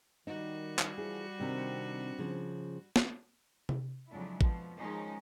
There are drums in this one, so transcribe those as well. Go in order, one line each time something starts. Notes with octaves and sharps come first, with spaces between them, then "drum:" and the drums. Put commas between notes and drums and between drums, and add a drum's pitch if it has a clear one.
D#3 G3 D#4 F#4
drum: clap
E3 F3 E4 G#4
C3 D#3 C4 D4 G4
C#3 F3
drum: snare
drum: tom C3
F2 C#3 F#3 G#3 D4 E4
B2 F3, drum: kick A1
D#3 F3 G#3 C#4 D#4 G#4